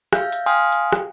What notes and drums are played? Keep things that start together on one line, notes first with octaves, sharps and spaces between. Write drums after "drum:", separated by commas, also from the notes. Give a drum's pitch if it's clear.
E5 F5 G6, drum: rim click
drum: hi-hat
F5 G5 G#5 C6 D#6 F6
drum: hi-hat
drum: rim click